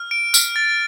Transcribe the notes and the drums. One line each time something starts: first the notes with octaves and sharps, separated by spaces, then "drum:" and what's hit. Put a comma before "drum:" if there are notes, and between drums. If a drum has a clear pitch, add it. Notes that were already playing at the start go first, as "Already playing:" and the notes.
Already playing: F6
D7
F6, drum: tambourine
A6